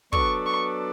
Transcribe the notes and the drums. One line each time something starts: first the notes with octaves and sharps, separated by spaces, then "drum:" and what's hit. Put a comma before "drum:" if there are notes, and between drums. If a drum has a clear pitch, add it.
F#3 B3 D4 A4 D5 C#6, drum: kick
C#6